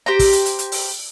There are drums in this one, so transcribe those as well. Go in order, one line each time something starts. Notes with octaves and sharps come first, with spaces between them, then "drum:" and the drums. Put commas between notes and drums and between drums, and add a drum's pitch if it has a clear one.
G4 C5 A#5
drum: kick, open hi-hat
drum: hi-hat
drum: hi-hat
drum: hi-hat
drum: open hi-hat